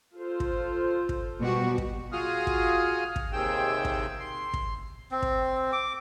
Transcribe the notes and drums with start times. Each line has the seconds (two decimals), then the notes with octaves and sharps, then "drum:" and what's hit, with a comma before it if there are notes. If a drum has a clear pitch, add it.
0.16 F4 A4 C5
0.40 drum: kick
1.09 drum: kick
1.41 B2 G3 F#4
1.78 drum: kick
2.12 F4 F#4 G#4 D#6 F6
2.47 drum: kick
3.16 drum: kick
3.33 D#2 C3 D#3 G#4 G5 E6
3.85 drum: kick
4.20 C6
4.53 drum: kick
5.11 C4
5.22 drum: kick
5.73 D6